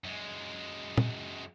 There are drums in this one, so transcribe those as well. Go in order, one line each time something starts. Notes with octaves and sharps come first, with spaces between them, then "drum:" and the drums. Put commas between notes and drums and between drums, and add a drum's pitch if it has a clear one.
F#2 G#3
drum: tom